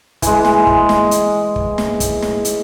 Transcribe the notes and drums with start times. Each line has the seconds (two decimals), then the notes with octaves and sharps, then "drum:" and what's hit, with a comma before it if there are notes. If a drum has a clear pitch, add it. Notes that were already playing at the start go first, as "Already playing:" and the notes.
0.22 E3 G#3, drum: kick, hi-hat
0.45 drum: snare
0.67 drum: kick
0.89 drum: snare
1.11 drum: hi-hat
1.56 drum: kick
1.78 drum: snare
2.00 drum: kick, hi-hat
2.22 drum: snare
2.45 drum: hi-hat